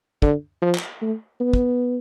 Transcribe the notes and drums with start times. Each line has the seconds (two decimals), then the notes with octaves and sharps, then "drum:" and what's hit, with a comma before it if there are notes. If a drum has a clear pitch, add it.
0.22 D3, drum: kick
0.62 F3
0.75 drum: clap
1.02 A3
1.40 B3
1.53 drum: kick